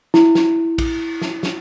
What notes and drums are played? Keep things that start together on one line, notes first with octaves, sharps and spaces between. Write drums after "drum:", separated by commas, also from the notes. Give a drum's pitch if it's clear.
E4, drum: snare
drum: snare
drum: kick A#1, cymbal
drum: snare
drum: snare